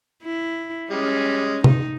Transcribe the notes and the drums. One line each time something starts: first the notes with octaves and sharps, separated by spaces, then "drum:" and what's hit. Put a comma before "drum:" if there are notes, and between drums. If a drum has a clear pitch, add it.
E4
G3 G#3 C#4
D#4, drum: tom C3